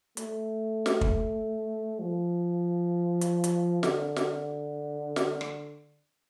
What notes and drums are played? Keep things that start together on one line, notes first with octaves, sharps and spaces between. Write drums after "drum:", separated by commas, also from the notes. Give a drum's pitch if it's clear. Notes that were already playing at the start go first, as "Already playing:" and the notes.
A3, drum: hi-hat
drum: snare
drum: kick
F3
drum: hi-hat
drum: hi-hat
D3, drum: snare
drum: snare
drum: snare
drum: rim click